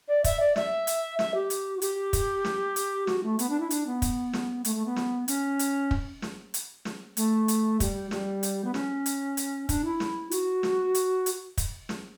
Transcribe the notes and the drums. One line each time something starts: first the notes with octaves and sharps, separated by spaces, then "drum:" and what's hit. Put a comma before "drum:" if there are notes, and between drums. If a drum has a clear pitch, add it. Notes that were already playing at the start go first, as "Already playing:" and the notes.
D5
E5, drum: kick, hi-hat
D5
E5, drum: snare
drum: hi-hat
E5, drum: snare
G4
drum: hi-hat
F#4
G4, drum: hi-hat
drum: kick, hi-hat
drum: snare
drum: hi-hat
F#4, drum: snare
A3
B3, drum: hi-hat
D4
E4
D4, drum: hi-hat
B3
drum: kick, hi-hat
drum: snare
A3, drum: hi-hat
A3
B3
drum: snare
C#4, drum: hi-hat
drum: hi-hat
drum: kick
drum: snare
drum: hi-hat
drum: snare
A3, drum: hi-hat
drum: hi-hat
G3, drum: kick, hi-hat
G3, drum: snare
drum: hi-hat
B3
C#4, drum: snare
drum: hi-hat
drum: hi-hat
D4, drum: kick, hi-hat
E4
drum: snare
F#4, drum: hi-hat
drum: snare
drum: hi-hat
drum: hi-hat
drum: kick, hi-hat
drum: snare